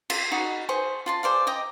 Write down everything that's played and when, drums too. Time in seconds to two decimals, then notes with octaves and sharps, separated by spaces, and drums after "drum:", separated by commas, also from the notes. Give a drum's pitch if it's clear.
0.10 F4, drum: cymbal
0.32 D#4 F#4 B5
0.69 G#4 C5 C#6
1.06 F4 A5 C6
1.23 G#4 C5 D5 F5
1.47 D#5 G5 A#5